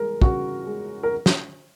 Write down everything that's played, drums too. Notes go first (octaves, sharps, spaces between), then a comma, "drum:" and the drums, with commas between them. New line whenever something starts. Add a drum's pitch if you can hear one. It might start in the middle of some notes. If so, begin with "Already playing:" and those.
Already playing: G#3 A#4
C#3 F#4, drum: kick
G#3
A#4
drum: snare